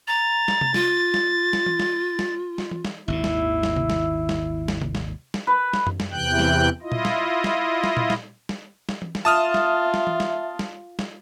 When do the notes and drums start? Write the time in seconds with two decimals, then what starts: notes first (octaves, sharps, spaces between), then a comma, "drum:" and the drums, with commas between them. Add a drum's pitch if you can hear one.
0.07 A#5 A6
0.48 drum: snare
0.61 drum: tom C3
0.74 F4, drum: snare
1.14 drum: snare
1.53 drum: snare
1.66 drum: tom E3
1.79 drum: snare
2.19 drum: snare
2.58 drum: snare
2.71 drum: tom E3
2.85 drum: snare
3.08 G#1 D#2 A#2 E4
3.24 drum: snare
3.63 drum: snare
3.76 drum: tom C3
3.90 drum: snare
4.29 drum: snare
4.68 drum: snare
4.82 drum: tom C3
4.95 drum: snare
5.34 drum: snare
5.47 B4
5.73 drum: snare
5.87 drum: tom F#2
6.00 drum: snare
6.11 E2 C3 E3 G5 F#6 G6
6.39 drum: snare
6.82 E4 F4 D#5
6.92 drum: tom A#2
7.05 drum: snare
7.44 drum: snare
7.84 drum: snare
7.97 drum: tom A#2
8.10 drum: snare
8.49 drum: snare
8.89 drum: snare
9.02 drum: tom E3
9.15 drum: snare
9.25 F4 E5 A5 D#6 F6
9.54 drum: snare
9.94 drum: snare
10.07 drum: tom E3
10.20 drum: snare
10.59 drum: snare
10.99 drum: snare